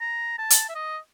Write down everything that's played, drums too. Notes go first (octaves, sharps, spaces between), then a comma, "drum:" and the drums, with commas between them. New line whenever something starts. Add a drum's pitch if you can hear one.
A#5
A5
drum: hi-hat
E5
D#5